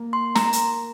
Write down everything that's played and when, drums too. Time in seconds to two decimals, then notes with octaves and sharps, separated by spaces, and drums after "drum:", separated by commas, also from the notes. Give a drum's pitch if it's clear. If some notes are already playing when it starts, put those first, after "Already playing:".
Already playing: A#3
0.13 C6
0.35 A#5, drum: snare
0.53 drum: hi-hat